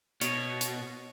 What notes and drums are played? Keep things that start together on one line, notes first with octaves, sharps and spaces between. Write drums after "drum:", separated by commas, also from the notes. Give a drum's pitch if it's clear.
B2 C#5, drum: hi-hat
drum: hi-hat